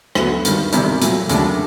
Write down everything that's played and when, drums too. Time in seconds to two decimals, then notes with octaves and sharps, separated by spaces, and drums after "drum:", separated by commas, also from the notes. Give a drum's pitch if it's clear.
0.15 D2 D3 F#3 B3, drum: rim click
0.45 G2 D#3 G3, drum: hi-hat
0.72 E1 E2 C3 D#3 G3, drum: hi-hat
1.01 A#2 F#3 A3, drum: hi-hat
1.29 D#2 C#3 F#3 A3 D4, drum: hi-hat